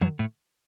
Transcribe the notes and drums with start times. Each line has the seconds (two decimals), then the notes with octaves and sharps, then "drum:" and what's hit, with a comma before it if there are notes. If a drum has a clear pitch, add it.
0.01 F#2 F#3, drum: tom
0.19 A2 A3